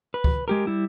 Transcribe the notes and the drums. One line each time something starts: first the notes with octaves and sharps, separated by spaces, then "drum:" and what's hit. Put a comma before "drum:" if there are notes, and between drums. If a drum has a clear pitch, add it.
B4
drum: kick C#2
G#3 G4 A#4
G3 E4